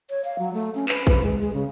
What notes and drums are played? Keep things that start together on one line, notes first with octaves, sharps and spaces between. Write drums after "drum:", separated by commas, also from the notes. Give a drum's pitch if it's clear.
C#5
F5
F#3
A3
C#4
B4, drum: clap
B4, drum: kick
G#3
G#3
C#3